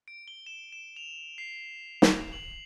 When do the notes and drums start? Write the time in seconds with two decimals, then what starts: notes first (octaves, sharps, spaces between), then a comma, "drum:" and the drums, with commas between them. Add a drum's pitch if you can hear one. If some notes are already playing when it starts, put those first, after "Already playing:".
0.08 D7
0.28 G7
0.46 E7
0.72 E7
0.96 F7
1.38 C7
2.02 drum: snare
2.33 F#7